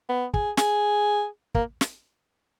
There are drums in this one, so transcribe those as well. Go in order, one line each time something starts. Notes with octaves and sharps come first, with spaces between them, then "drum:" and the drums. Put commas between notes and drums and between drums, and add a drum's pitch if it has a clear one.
B3
G#4, drum: kick
G#4, drum: snare
A#3, drum: kick
drum: snare